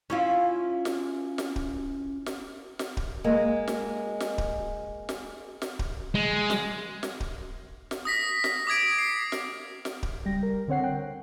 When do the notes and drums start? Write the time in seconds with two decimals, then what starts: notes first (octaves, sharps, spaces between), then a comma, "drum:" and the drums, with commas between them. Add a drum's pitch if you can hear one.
0.10 C#4 E4 F4
0.85 drum: snare
1.38 drum: snare
1.56 drum: kick D1
2.26 drum: snare
2.79 drum: snare
2.97 drum: kick D1
3.24 G#3 A#3
3.68 drum: snare
4.20 drum: snare
4.38 drum: kick D1
5.09 drum: snare
5.62 drum: snare
5.79 drum: kick D1
6.15 G#3
6.50 drum: snare
7.03 drum: snare
7.20 drum: kick D1
7.91 drum: snare
8.05 D#6 A#6 B6
8.44 drum: snare
8.67 D6 D#6 G#6 D7
8.98 C7
9.32 drum: snare
9.85 drum: snare
10.03 drum: kick D1
10.25 C#2 G3 G5 A#6
10.43 A#4
10.68 D3 C4 C#5 F#5 C7
10.83 G5 F#6